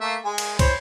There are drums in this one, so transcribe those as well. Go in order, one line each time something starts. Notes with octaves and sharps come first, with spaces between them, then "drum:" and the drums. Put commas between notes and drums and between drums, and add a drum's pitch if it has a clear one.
A3 A#3 E5
G#3 G#5
drum: cymbal
E4 C5 C#5, drum: kick, cymbal